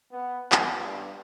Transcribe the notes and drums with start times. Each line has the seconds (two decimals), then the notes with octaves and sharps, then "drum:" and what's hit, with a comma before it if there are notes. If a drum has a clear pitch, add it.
0.12 B3
0.52 B3, drum: clap
0.84 G2